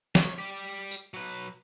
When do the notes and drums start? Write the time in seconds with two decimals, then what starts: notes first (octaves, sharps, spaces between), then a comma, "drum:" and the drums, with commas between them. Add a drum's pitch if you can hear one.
0.15 C#5, drum: snare
0.38 G4 D5
0.91 drum: tambourine
1.14 F#3 B4